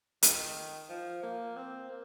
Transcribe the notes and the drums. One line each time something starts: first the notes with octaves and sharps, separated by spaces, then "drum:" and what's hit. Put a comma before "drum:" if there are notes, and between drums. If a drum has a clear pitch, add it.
D#3, drum: hi-hat
F3
A#3
C4
A#3